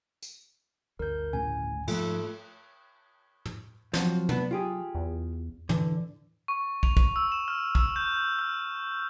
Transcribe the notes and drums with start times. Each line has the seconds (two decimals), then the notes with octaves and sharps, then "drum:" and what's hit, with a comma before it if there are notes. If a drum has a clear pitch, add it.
0.22 drum: tambourine
0.99 G1 D2 G2 A#4 G6
1.33 A2 C#3 G#5
1.88 G#2 F3 A3 A#3 F4 A4, drum: cymbal
3.45 drum: tom
3.93 F3 F#3 C4 F#4, drum: snare
4.29 B3 D4 B4, drum: tom
4.51 F4 G4 G#4
4.95 E2
5.69 D3 E3, drum: tom
6.48 C#6
6.83 F7, drum: kick
6.97 drum: kick
7.16 E6
7.32 E7
7.48 F6
7.75 E6, drum: kick
7.96 G6
8.14 G6
8.39 F6